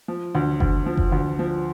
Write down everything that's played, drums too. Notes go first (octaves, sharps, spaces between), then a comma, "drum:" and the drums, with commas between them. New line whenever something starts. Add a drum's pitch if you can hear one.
F3
D2
D2, drum: kick F#1
F3
drum: kick F#1
D2
F3